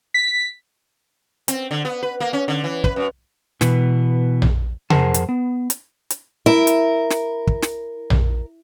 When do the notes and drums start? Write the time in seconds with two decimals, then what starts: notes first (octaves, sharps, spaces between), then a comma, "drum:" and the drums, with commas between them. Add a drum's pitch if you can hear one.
0.14 B6
1.48 C4, drum: hi-hat
1.71 D3
1.85 B3
2.03 B4
2.20 A#3
2.33 C#4
2.48 D3
2.64 E3
2.84 B4, drum: kick
2.96 F#2
3.61 B2 E3 B3, drum: snare
4.42 drum: tom A#1
4.90 F2 G#4 A#4 C5 F#5 A5, drum: tom C3
5.14 drum: hi-hat
5.29 B3
5.70 drum: hi-hat
6.10 drum: hi-hat
6.46 E4 A#4
6.67 drum: hi-hat
7.10 drum: snare
7.47 drum: kick
7.62 drum: snare
8.10 drum: tom A#1